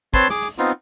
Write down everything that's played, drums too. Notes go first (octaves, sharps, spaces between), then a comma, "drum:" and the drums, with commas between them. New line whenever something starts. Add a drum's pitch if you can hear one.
C4 B4 C#5 A5 C6, drum: kick, hi-hat
G#4 D6, drum: snare
drum: hi-hat
B3 C4 D#4 F4, drum: hi-hat